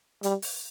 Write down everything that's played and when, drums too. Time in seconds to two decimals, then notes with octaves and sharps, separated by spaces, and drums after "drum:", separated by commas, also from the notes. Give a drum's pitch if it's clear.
0.23 G3, drum: hi-hat
0.42 drum: open hi-hat